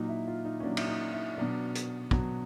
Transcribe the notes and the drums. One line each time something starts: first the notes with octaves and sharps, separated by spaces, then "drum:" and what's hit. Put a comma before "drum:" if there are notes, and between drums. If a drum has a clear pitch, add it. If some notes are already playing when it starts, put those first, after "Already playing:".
Already playing: A#2 F#3 D#4
E4
F4
D#4
C#4
A#2 F#3 D4
E4, drum: cymbal
D#4
E4
B2 F#3 D4
drum: hi-hat
B2 F#3, drum: kick